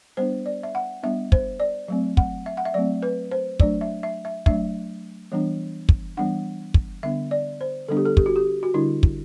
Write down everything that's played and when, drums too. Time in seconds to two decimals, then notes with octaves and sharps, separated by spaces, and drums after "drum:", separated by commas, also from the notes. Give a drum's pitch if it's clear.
0.17 G3 B3 D4 C5
0.46 D5
0.63 E5
0.75 F#5
1.03 G3 B3 D4 E5
1.32 C5, drum: kick
1.60 D5
1.88 F#3 A3 C4
2.17 F#5, drum: kick
2.46 E5
2.57 F#5
2.65 E5
2.74 F#3 A3 C4 D5
3.03 B4
3.32 C5
3.60 F#3 A3 D4 D5, drum: kick
3.81 E5
4.03 E5
4.25 E5
4.46 F#3 A3 D4 E5, drum: kick
5.32 E3 G3 B3 D4
5.89 drum: kick
6.17 E3 G3 B3 D4 F#5
6.74 drum: kick
7.03 D3 G3 B3 D4 E5
7.31 D5
7.61 C5
7.88 D3 G3 B3 D4 A4
7.97 G4
8.06 A4
8.17 G4, drum: kick
8.26 F#4
8.36 G4
8.63 F#4
8.74 D3 G3 D4 E4
9.03 drum: kick